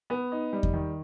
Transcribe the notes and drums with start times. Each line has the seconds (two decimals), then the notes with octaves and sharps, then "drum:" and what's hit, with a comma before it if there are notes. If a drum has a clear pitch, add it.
0.10 B3
0.32 D#4
0.53 G3
0.63 drum: kick E2
0.73 D#3